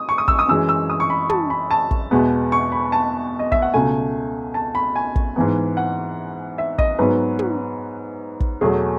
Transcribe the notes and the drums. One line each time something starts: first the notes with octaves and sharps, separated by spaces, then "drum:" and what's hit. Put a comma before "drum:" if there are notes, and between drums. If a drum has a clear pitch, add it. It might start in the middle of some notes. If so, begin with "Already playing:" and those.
Already playing: D#6
C#6
D#6
E6, drum: kick
D#6
F#2 E3 G#3 E6
E6
D#6
C#6
B5
A5, drum: tom
B5
A5
drum: kick
E2 B2 G#3 B3
C#6
B5
A5
D#5
E5, drum: kick
F#5
C#2 B2 A3 G#5
A5
B5
G#5
drum: kick
G#2 E3 B3
F#5
E5
D#5, drum: kick
G#2 F#3 B3 B4
drum: tom
drum: kick
E2 B2 F#3 A3 G#4